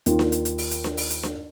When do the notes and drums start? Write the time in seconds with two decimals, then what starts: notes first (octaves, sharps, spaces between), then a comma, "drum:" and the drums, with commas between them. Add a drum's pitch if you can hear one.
0.06 D#2 D#3 A#3 F4, drum: hi-hat
0.19 drum: snare D4
0.32 drum: hi-hat
0.45 drum: hi-hat
0.58 drum: open hi-hat
0.71 drum: hi-hat
0.84 drum: snare D4
0.97 drum: open hi-hat
1.10 drum: hi-hat
1.23 drum: snare D4